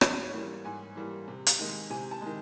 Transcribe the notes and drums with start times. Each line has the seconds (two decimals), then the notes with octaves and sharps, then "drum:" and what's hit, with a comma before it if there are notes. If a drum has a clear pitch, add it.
0.01 G#2 C#5, drum: rim click
0.23 C#5
0.33 E3 G3 A#3
0.65 G#2 G#5
0.96 E3 G3 A#3
1.28 C3
1.47 drum: hi-hat
1.59 D#3 G#3
1.90 C3 G#5
2.11 A5
2.22 D#3 G#3